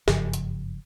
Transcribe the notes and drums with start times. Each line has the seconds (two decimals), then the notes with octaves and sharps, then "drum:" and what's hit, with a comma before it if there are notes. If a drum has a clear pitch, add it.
0.08 F#1 G2 C#3 F3, drum: snare
0.33 drum: hi-hat